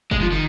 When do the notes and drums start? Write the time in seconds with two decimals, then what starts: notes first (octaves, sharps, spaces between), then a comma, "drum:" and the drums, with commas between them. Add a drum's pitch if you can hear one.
0.11 G#3, drum: kick F#1
0.21 F3
0.32 D#3